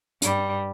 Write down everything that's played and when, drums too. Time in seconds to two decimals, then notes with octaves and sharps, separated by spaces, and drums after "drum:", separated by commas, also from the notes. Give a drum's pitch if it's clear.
0.22 G2 G3, drum: hi-hat